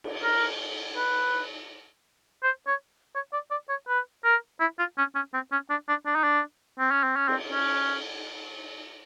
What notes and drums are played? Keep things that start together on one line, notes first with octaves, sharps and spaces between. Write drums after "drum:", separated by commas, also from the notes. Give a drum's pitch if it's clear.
drum: cymbal
A#4
B4
C5
C#5
C#5
D5
D5
C#5
B4
A#4
E4
F4
C#4
C#4
C4
C#4
D4
D4
D4
D#4
D4
C4
C#4
C4
C#4
C4, drum: cymbal
C#4